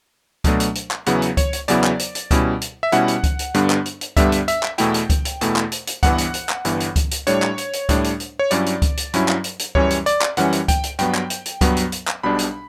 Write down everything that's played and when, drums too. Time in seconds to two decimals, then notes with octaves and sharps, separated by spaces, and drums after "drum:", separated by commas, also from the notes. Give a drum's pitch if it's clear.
0.44 B2 F#3 A3 D4, drum: kick C#2, hi-hat
0.60 drum: hi-hat
0.75 drum: hi-hat
0.91 drum: clap
1.06 E2 C#3 F#3 B3 E4 F#5, drum: hi-hat
1.22 drum: hi-hat
1.37 C#5, drum: kick C#2, hi-hat
1.53 drum: hi-hat
1.68 E2 C#3 F#3 B3 E4 D5, drum: hi-hat
1.84 drum: clap
1.99 drum: hi-hat
2.15 drum: hi-hat
2.31 B2 G3 C#4 E4, drum: kick C#2, hi-hat
2.61 drum: hi-hat
2.83 E5
2.92 B2 G3 C#4 E4 F#5, drum: hi-hat
3.08 drum: hi-hat
3.24 drum: kick C#2, hi-hat
3.39 drum: hi-hat
3.54 G2 D3 G3 B3 D4, drum: hi-hat
3.70 drum: clap
3.86 drum: hi-hat
4.01 drum: hi-hat
4.17 G2 D3 G3 B3 D4 E5, drum: kick C#2, hi-hat
4.32 drum: hi-hat
4.48 E5, drum: hi-hat
4.63 drum: clap
4.78 E2 B2 A3 E4 G5, drum: hi-hat
4.94 drum: hi-hat
5.10 drum: kick C#2, hi-hat
5.25 drum: hi-hat
5.41 E2 B2 A3 E4, drum: hi-hat
5.56 drum: clap
5.72 drum: hi-hat
5.87 drum: hi-hat
6.03 G1 G2 E3 B3 F#5, drum: kick C#2, hi-hat
6.18 drum: hi-hat
6.34 drum: hi-hat
6.49 drum: clap
6.65 G1 G2 E3 B3, drum: hi-hat
6.80 drum: hi-hat
6.96 drum: kick C#2, hi-hat
7.11 drum: hi-hat
7.27 A2 G3 D4 C#5, drum: hi-hat
7.42 drum: clap
7.58 drum: hi-hat
7.73 drum: hi-hat
7.89 A2 G3 D4, drum: kick C#2, hi-hat
8.04 drum: hi-hat
8.20 drum: hi-hat
8.39 C#5
8.51 G2 F#3 C#4 E4 D5, drum: hi-hat
8.66 drum: hi-hat
8.82 drum: kick C#2, hi-hat
8.97 drum: hi-hat
9.14 G2 F#3 C#4 E4, drum: hi-hat
9.28 drum: clap
9.44 drum: hi-hat
9.59 drum: hi-hat
9.75 F#2 E3 G3 C#4 C#5, drum: kick C#2
9.90 drum: hi-hat
10.06 D5, drum: hi-hat
10.21 drum: clap
10.37 F#2 E3 G3 C#4 F#5, drum: hi-hat
10.53 drum: hi-hat
10.68 G5, drum: kick C#2, hi-hat
10.84 drum: hi-hat
10.99 G2 F#3 B3 G5, drum: hi-hat
11.15 drum: clap
11.30 drum: hi-hat
11.46 drum: hi-hat
11.61 G2 F#3 B3, drum: kick C#2, hi-hat
11.77 drum: hi-hat
11.92 drum: hi-hat
12.08 drum: clap
12.23 B1 B2 G3 D4 B5
12.39 drum: hi-hat